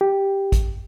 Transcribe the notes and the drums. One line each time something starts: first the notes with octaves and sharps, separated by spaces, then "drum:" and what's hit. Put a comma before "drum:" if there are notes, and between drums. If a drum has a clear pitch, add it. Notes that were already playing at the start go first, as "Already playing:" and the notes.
G4
drum: kick A1, hi-hat